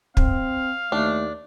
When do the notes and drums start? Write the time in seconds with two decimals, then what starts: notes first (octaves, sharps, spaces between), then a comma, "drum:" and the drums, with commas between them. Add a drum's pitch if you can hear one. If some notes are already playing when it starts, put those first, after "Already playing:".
0.17 C4 F5, drum: kick
0.92 D#2 A3 D4